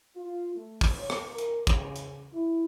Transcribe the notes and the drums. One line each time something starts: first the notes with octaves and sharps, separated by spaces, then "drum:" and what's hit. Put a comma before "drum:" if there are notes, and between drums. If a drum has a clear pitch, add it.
F4
A3
drum: kick, open hi-hat
C#5
drum: rim click
A#4
drum: hi-hat
C#3, drum: kick, hi-hat
drum: hi-hat
E4